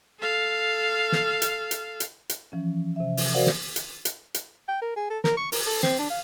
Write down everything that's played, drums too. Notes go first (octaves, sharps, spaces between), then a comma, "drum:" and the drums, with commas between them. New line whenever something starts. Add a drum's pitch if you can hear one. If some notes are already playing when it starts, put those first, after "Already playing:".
A4 F5
drum: snare
drum: hi-hat
drum: hi-hat
drum: hi-hat
drum: hi-hat
E3 F3 C#4
C3 E5
drum: open hi-hat
F#4 A#4 C5 D5 F5 F#5
drum: snare
drum: hi-hat
drum: hi-hat
drum: hi-hat
G5
A#4
G#4
A4
A#4, drum: snare
C#6
A#4, drum: open hi-hat
A4
C4, drum: snare
D4
F5